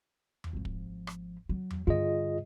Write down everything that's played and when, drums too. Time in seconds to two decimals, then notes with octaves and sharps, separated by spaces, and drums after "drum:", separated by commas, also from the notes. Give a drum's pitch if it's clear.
0.44 drum: tom E2
0.53 G#1 F3
0.65 drum: kick
1.07 drum: rim click
1.49 F#3
1.71 drum: tom E2
1.87 G2 D3 F4 G#4 D#5